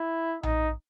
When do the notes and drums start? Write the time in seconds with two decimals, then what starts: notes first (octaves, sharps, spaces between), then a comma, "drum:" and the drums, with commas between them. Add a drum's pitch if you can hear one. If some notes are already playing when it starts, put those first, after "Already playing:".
Already playing: E4
0.43 D#4, drum: tom A#1